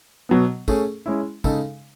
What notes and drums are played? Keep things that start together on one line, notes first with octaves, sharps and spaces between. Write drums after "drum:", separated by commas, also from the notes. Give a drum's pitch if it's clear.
B2 F#3 B3
A3 C#4 G#4, drum: kick, tambourine
G#3 C#4 E4
C#3 G#3 D#4 A4, drum: kick, tambourine